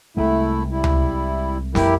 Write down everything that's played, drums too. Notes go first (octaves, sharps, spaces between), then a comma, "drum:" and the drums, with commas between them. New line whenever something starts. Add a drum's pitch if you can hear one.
C2 C3 G#3 A3 E4
G3 E4
drum: tom C#2
A1 F2 G3 E4 G4 A#4, drum: snare